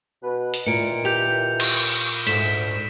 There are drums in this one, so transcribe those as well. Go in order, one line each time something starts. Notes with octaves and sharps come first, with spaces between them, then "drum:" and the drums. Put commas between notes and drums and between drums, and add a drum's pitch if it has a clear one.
B2 B4
drum: hi-hat
D2 A#2 D#3 E3 C#7 D7
G4 G6 F7
drum: cymbal
D2 G#2 B6 E7, drum: hi-hat